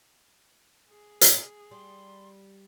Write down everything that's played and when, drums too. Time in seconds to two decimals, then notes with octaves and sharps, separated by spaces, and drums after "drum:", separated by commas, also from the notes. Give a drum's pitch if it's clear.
0.88 G#4
1.21 drum: hi-hat
1.71 G3 C6